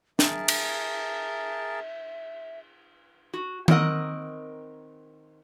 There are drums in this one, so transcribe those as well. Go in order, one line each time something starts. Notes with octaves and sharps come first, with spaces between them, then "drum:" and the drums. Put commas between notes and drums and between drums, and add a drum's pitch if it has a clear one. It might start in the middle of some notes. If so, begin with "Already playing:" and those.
G#4 A#4 E5 A5, drum: snare
drum: cymbal
F#4
D#3 A3 C4 A#4 D#5 F#5, drum: tom D#3